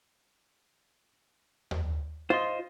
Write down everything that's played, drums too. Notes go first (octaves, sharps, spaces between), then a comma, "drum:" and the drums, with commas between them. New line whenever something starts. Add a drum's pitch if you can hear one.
drum: tom D#2
F4 C5 D#5